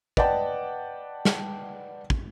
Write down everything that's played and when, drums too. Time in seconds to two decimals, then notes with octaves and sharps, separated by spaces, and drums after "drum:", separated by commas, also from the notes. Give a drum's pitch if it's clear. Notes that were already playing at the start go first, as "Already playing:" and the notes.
0.17 B4 D5 D#5 F#5 G5 A5, drum: kick
1.25 drum: snare
2.10 drum: kick